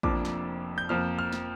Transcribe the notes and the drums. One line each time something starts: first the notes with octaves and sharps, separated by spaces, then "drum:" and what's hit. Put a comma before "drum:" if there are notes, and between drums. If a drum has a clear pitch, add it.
F1 F2 F3 A#3 D4 D6, drum: kick A1
drum: snare
G6
F2 F3 A#3 F6
F6
drum: snare